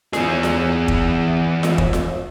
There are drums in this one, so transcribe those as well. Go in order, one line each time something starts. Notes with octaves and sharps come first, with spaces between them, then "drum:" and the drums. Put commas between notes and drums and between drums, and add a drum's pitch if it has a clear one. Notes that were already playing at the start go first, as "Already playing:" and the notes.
E3 G#4, drum: snare F4
drum: snare F4
drum: kick
drum: snare F4
drum: kick
drum: snare F4